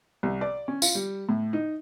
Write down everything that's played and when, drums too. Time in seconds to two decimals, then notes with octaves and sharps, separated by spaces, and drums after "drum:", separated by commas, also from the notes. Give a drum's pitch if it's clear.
0.23 C2
0.41 D5
0.68 C#4
0.82 F4, drum: tambourine
0.95 G3
1.29 A2
1.53 D#4